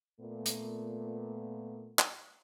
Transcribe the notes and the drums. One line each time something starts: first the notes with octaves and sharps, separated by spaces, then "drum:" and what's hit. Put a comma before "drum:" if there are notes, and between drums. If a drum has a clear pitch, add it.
A#2 A3 B3
drum: hi-hat
drum: clap